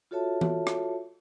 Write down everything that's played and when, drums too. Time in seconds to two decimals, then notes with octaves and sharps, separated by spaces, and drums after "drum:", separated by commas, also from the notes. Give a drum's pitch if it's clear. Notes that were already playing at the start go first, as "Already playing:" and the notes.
0.11 F4 F#4 A4 C#5 E5 A5
0.41 drum: tom E3
0.67 drum: rim click